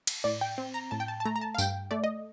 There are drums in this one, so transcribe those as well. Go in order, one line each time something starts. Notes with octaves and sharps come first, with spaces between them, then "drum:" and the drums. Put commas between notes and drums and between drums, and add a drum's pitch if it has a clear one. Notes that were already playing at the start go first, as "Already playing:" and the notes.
drum: cymbal
A2 D5
G5
C4
A#5
A2 A5
G5
A5
A5
A3 A#5
A#5
A5
F5
G2 G5, drum: tambourine
A3 D5
D#5